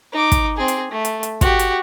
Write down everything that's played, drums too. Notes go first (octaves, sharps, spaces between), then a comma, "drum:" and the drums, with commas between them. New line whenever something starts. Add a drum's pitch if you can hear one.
D#4 D6
drum: kick, hi-hat
C4 G#4
drum: hi-hat
A3
drum: hi-hat
drum: hi-hat
F#4 G4, drum: kick, hi-hat
drum: hi-hat